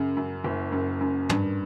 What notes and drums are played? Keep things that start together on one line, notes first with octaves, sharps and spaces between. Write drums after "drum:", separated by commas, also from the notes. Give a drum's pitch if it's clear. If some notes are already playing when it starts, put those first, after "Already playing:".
Already playing: F#2 C#3
F#2
F#1
F#2
F#2
G2, drum: tom